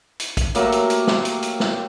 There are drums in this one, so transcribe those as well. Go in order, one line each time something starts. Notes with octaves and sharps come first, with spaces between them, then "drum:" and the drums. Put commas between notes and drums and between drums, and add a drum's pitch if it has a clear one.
drum: hi-hat
drum: kick, hi-hat
F#3 A3 A#3 G4, drum: hi-hat
drum: hi-hat
drum: hi-hat
drum: snare
drum: hi-hat
drum: hi-hat
drum: snare